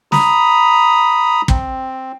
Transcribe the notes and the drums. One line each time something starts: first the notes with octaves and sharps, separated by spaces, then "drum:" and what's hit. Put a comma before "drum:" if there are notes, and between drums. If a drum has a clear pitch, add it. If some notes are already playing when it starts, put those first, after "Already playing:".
A#5 B5 D#6, drum: snare
C4, drum: kick